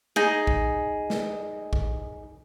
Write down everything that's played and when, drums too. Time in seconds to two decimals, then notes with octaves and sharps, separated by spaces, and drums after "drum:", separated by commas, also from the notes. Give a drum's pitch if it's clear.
0.16 D#4 G#4
0.47 drum: kick A#1
1.10 drum: snare
1.73 drum: kick A#1